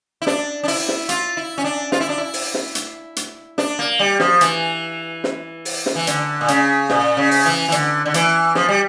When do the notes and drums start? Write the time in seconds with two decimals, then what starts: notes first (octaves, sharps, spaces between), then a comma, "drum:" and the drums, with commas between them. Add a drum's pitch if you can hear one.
0.22 E4
0.27 D4, drum: snare
0.63 D4
0.68 E4, drum: open hi-hat
0.88 drum: snare
1.09 F4, drum: hi-hat
1.37 E4
1.58 C#4
1.64 D4
1.92 F4, drum: snare
2.00 E4
2.09 D4
2.18 E4
2.33 drum: open hi-hat
2.54 drum: snare
2.75 drum: hi-hat
3.16 drum: hi-hat
3.58 D4, drum: snare
3.79 A#3
3.99 G3
4.20 F3, drum: snare
4.41 E3, drum: hi-hat
5.24 drum: snare
5.65 drum: open hi-hat
5.86 drum: snare
5.95 E3
6.07 D3, drum: hi-hat
6.41 A#2
6.48 C#3, drum: hi-hat
6.90 A#2, drum: snare
7.17 C#3
7.31 drum: open hi-hat
7.45 E3
7.68 E3
7.72 D3, drum: hi-hat
8.05 D3
8.14 E3, drum: hi-hat
8.55 F3, drum: snare
8.68 G3